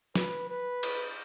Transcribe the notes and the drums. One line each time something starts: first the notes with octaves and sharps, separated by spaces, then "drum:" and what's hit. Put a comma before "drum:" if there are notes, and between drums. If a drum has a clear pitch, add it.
B4, drum: snare
B4
drum: cymbal